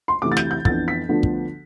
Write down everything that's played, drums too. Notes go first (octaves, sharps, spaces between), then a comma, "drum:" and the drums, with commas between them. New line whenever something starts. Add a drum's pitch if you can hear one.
C6
D2 C3 E3 D6
A6
G6, drum: snare
G6
F2 E3 B3 D4 A6, drum: kick
B6
D2 D3 F3 B3 D4
drum: kick